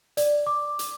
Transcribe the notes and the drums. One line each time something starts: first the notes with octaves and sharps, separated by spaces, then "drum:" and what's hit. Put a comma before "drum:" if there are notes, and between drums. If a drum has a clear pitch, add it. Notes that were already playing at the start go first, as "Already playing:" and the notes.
D5, drum: hi-hat
D6
drum: hi-hat